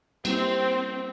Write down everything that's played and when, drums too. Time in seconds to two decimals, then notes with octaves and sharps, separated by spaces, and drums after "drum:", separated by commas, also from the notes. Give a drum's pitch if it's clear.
0.25 G3 A#3 C4 E4, drum: cymbal